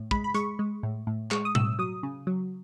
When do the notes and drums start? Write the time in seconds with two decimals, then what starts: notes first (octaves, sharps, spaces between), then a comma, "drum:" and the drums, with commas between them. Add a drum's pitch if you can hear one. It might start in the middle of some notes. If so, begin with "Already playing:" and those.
Already playing: A2
0.11 G#3 B5, drum: kick
0.24 B5
0.34 G#3 C#6, drum: hi-hat
0.59 G#3
0.83 A2
1.07 A2
1.31 G#3 C#6, drum: clap
1.45 D#6
1.55 A2 E6, drum: tom B2
1.79 F#3 D#6
2.03 C#3
2.27 F#3